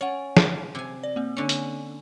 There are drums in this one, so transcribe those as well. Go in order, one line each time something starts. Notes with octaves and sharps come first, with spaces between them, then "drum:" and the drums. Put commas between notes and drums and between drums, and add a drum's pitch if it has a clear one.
C#4 C#5 F#5
drum: snare
C3 G#5
D5
A#3 C4
D3 C#4
drum: hi-hat